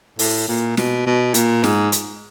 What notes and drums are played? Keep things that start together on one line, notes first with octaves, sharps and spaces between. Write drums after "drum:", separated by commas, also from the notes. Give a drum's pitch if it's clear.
A2, drum: open hi-hat
A#2
B2, drum: snare
B2
A#2, drum: hi-hat
G#2, drum: snare
drum: hi-hat